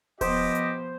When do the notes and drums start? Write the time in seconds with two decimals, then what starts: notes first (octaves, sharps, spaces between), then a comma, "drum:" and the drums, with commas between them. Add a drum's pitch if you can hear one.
0.21 F3 B3 G4 C5 D#5, drum: kick D#1, open hi-hat
0.55 drum: hi-hat